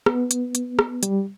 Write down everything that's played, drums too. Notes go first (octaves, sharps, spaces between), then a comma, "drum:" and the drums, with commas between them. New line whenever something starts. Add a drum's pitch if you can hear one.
B3, drum: rim click
drum: hi-hat
drum: hi-hat
drum: rim click
G3, drum: hi-hat